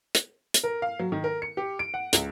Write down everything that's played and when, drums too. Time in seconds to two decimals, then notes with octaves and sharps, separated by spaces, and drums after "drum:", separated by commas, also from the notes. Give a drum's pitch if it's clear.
0.15 drum: hi-hat
0.54 drum: hi-hat
0.64 A#4
0.82 F5
0.99 F#3
1.12 D#3
1.24 A#4
1.42 C#7
1.57 G4
1.79 D7
1.94 F#5
2.13 C#2, drum: hi-hat